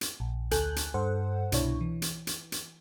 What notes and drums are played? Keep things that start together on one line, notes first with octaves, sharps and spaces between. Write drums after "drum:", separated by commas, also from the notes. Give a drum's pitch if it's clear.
drum: hi-hat
A#1
D2 A4 G#5 F#6 G6, drum: hi-hat
drum: hi-hat
G2 A4 C5 F#5
C2 B2 D4 E4 C#5, drum: hi-hat
E3
drum: hi-hat
drum: hi-hat
drum: hi-hat